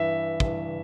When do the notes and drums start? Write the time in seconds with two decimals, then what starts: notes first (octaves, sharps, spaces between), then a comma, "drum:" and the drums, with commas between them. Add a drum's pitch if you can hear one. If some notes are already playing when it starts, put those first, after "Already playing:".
Already playing: G2 E3 E5
0.40 G2 E3, drum: kick